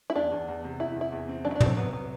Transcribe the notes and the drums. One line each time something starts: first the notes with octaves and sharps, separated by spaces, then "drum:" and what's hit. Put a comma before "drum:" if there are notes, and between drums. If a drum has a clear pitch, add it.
E4
E2 D4
E2
E2
C3
E2 E4
E2 E4
E2
C4
F#3 D4
E4
D4
C3, drum: tom
C4
C2 B3
B3